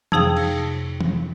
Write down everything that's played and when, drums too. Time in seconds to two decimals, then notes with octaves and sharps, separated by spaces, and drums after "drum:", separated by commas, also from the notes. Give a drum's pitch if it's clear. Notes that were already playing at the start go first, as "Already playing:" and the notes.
0.12 F2 C3 D#4 G#4 F5 G5, drum: tom E3
0.37 drum: cymbal
1.01 drum: tom E3